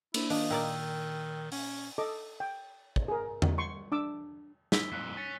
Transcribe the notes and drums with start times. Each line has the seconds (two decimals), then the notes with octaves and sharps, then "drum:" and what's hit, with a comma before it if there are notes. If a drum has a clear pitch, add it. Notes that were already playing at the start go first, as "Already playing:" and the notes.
0.14 A#3 D4 E4 C5, drum: cymbal
0.30 D#3 D4 D#5 F5 D#6, drum: open hi-hat
0.51 A#2 A#4 D5 G5 E6
1.52 C#4, drum: open hi-hat
1.98 A4 D#5 D6
2.40 G5
2.96 drum: kick
3.08 G#4 A#4
3.42 drum: tom E2
3.58 C6 C#6
3.92 D4 D6 E6
4.72 E6 B6 G7, drum: snare
4.92 F2 A#2 E6 F#6 B6
5.17 C#5 G#5 A6